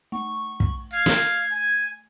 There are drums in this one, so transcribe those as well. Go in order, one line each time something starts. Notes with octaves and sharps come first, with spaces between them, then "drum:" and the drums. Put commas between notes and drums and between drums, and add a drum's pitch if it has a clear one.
A3 C#6
drum: kick
F5 G#6
drum: snare
G#5